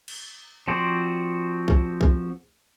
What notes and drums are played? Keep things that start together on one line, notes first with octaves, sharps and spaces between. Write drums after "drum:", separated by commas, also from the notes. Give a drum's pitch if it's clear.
drum: cymbal
F3 C4 F#4 C5 D5
drum: kick B1
drum: kick B1